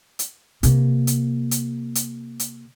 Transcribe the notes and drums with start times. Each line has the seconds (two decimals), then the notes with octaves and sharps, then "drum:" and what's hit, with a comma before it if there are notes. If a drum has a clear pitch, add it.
0.19 drum: hi-hat
0.63 C3 A#3, drum: hi-hat
1.07 drum: hi-hat
1.51 drum: hi-hat
1.95 drum: hi-hat
2.40 drum: hi-hat